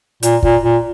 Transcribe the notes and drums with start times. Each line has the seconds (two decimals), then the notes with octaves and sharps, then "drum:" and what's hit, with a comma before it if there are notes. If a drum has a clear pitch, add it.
0.23 A#2, drum: hi-hat
0.43 A#2, drum: kick
0.63 A#2